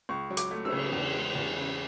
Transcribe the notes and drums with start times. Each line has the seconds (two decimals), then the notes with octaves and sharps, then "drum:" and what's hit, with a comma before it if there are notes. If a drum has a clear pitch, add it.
0.09 C#2 C#6
0.30 F#3
0.37 D6, drum: hi-hat
0.51 A3
0.65 E6, drum: cymbal
0.72 C#3
0.93 E2
1.14 G#3
1.35 E2
1.56 C#3